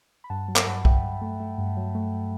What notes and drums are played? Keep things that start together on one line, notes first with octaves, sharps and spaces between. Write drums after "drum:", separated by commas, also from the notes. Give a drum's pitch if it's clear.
B5
G2 F#5 A5
F#3
B5, drum: clap
G2 F#5 A5
F#3 E5 G5, drum: kick B1
G2
A3
A3
G2
F#3
A3